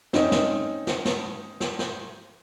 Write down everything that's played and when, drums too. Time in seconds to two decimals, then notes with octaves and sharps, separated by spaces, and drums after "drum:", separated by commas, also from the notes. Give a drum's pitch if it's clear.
0.13 C4 C#4 D#4, drum: snare
0.32 drum: snare
0.87 drum: snare
1.05 drum: snare
1.60 drum: snare
1.79 drum: snare